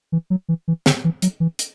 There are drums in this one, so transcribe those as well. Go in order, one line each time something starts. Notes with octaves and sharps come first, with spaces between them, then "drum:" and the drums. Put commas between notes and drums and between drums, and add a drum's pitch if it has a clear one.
E3
F#3
E3
E3
D3, drum: snare
E3
F#3, drum: hi-hat
E3
drum: hi-hat